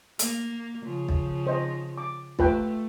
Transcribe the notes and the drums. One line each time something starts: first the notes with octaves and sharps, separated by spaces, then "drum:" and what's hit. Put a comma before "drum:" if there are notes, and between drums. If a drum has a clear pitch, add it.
A#3, drum: hi-hat
C#3 F3
drum: kick
C5 D#5
D6
A3 F4 B4 G5, drum: kick